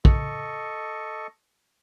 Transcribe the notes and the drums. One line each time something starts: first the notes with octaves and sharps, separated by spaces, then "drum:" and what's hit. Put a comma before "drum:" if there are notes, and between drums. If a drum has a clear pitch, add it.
A4 D#5 C#6, drum: kick